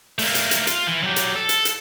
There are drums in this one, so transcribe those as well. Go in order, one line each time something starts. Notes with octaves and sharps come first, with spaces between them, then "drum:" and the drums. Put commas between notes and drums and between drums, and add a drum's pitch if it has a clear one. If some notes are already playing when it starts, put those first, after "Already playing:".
A3 A#3, drum: open hi-hat
drum: hi-hat
drum: hi-hat
F4, drum: hi-hat
E3
F#3 G4
drum: hi-hat
A4
drum: hi-hat
drum: hi-hat